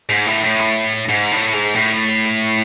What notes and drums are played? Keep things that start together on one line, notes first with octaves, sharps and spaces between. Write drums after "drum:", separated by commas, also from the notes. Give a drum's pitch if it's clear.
G#2
A2
A2, drum: hi-hat
drum: rim click
drum: hi-hat
drum: hi-hat
G#2, drum: hi-hat
A2
drum: hi-hat
G#2
A2, drum: hi-hat
drum: hi-hat
drum: hi-hat
drum: hi-hat
drum: hi-hat